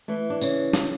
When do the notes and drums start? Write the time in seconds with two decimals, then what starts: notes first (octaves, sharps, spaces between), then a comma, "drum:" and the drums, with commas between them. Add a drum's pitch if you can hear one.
0.08 E3 A3
0.30 D4
0.41 C#3, drum: tambourine
0.73 drum: snare